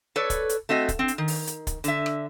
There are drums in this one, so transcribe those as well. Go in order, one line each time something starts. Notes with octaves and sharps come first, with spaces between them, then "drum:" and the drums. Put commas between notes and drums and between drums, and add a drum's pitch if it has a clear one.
A4 B4 C#5 D5
drum: kick, hi-hat
drum: hi-hat
A3 C4 F#4 D#5
drum: kick, hi-hat
C4
drum: hi-hat
D#3
drum: open hi-hat
drum: hi-hat
drum: kick, hi-hat
D3 E5, drum: hi-hat
drum: rim click